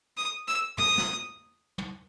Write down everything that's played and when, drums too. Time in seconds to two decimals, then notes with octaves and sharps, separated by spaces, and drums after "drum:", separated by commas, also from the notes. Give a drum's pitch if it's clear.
0.17 D#6
0.48 E6
0.78 D#6, drum: tom
0.98 drum: snare
1.78 drum: tom